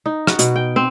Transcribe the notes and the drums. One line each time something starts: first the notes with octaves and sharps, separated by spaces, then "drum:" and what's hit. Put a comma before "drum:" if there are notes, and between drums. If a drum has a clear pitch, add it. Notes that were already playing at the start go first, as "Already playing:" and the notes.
D#4
F#4, drum: rim click
B2, drum: hi-hat
G5
C4